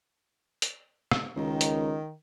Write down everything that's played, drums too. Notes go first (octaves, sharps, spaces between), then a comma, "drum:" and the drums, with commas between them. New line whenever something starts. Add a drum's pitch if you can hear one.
drum: hi-hat
drum: rim click
C#2 D#3
drum: hi-hat